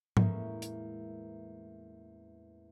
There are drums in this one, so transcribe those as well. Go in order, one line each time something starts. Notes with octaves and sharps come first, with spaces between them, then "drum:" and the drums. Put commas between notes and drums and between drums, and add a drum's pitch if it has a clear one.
E2 A2 G#3 A#3 C#4, drum: tom G#2
drum: hi-hat